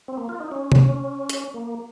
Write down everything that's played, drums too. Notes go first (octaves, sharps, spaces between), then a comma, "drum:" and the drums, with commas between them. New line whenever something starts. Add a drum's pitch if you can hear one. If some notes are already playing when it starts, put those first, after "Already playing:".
C4
A#3
F4
D#4
C#4
drum: tom
drum: hi-hat
A#3